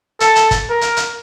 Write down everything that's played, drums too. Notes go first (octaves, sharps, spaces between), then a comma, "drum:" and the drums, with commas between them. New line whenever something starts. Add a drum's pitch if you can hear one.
A4, drum: hi-hat
drum: hi-hat
drum: kick, hi-hat
A#4
drum: hi-hat
drum: hi-hat